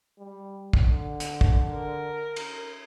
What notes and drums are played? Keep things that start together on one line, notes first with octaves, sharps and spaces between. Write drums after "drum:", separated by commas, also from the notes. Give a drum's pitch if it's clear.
G3
drum: kick
D3
drum: hi-hat
drum: kick
A#4
drum: cymbal